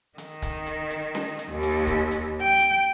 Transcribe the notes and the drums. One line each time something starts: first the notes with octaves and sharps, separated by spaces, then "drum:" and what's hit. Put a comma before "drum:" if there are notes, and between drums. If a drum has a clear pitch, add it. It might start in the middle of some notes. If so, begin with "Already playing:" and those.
D#3, drum: hi-hat
drum: kick, hi-hat
drum: hi-hat
drum: hi-hat
drum: snare C#4
drum: hi-hat
D#2
drum: hi-hat
drum: kick, hi-hat
drum: hi-hat
G5
drum: hi-hat